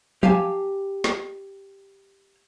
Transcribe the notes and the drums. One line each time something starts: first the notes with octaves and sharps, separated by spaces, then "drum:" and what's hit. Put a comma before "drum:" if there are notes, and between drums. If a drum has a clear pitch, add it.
G4 F5 G#5 A5, drum: tom
drum: snare